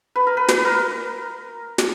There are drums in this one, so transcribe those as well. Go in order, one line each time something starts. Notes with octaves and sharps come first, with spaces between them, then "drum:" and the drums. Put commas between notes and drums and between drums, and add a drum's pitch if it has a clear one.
B4
A#4
B4
B4, drum: snare
A#4
drum: snare